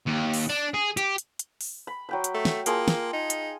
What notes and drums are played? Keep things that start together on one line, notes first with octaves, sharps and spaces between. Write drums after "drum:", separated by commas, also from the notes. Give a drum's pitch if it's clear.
D#2
drum: open hi-hat
D4
G#4
G4, drum: hi-hat
drum: hi-hat
drum: hi-hat
drum: open hi-hat
B5
F#3 G5 B5
drum: hi-hat
A3
drum: snare
A#3 F4 G#4 A5, drum: hi-hat
drum: snare
D#4
drum: hi-hat